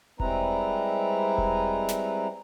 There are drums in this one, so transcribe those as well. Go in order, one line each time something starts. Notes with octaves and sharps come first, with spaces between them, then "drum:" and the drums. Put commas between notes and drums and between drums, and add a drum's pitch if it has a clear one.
G3 G#3 C4 E4 B4 A#5, drum: kick E1
drum: kick E1
drum: snare